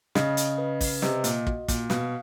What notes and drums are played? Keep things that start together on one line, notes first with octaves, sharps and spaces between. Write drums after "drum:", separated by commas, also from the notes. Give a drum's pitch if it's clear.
C#3 D#5, drum: snare
drum: hi-hat
B4
drum: kick, open hi-hat
C3 D#5, drum: snare
A#2, drum: hi-hat
F#4, drum: kick
A#2, drum: kick, hi-hat
B2 F5, drum: snare